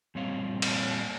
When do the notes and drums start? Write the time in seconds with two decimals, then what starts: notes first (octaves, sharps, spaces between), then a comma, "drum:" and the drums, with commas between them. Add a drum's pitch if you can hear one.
0.15 A#2 G3 C4 C#5 F5
0.62 drum: cymbal